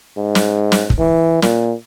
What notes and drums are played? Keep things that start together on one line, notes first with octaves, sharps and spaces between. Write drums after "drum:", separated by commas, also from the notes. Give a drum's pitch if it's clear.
G#2
drum: snare
drum: snare
drum: kick
E3
A#2, drum: snare